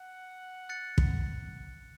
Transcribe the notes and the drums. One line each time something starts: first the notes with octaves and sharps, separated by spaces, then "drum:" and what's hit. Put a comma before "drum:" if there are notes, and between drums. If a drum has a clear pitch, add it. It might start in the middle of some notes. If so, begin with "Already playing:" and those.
Already playing: F#5
F#6 A6 C#7
drum: kick